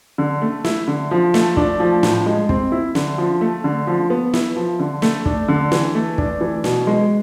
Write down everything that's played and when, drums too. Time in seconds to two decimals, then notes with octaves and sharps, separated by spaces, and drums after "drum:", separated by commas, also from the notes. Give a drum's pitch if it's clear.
0.18 D3
0.42 A3
0.64 E4, drum: snare
0.88 D3
1.11 F3
1.34 A3, drum: snare
1.57 D4, drum: kick
1.80 F3
2.03 A2, drum: snare
2.26 G#3
2.49 C4, drum: kick
2.72 E4
2.95 D3, drum: snare
3.18 F3
3.41 A3
3.64 D3
3.87 F3
4.10 B3
4.34 E4, drum: snare
4.56 F3
4.79 D3
5.02 A3, drum: snare
5.26 D4, drum: kick
5.48 D3
5.72 E3, drum: snare
5.95 A3
6.18 D4, drum: kick
6.41 E3
6.64 B2, drum: snare
6.87 G#3